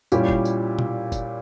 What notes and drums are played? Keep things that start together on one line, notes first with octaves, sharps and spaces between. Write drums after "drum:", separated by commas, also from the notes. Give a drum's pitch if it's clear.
A#2 G3 C#4 E4 G4, drum: tambourine
drum: kick F1
drum: tambourine
drum: tom B2
drum: kick F1, tambourine